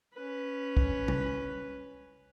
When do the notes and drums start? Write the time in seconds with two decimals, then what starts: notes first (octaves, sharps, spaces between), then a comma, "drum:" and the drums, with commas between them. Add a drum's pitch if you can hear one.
0.14 C#4 B4
0.77 drum: kick
1.08 drum: tom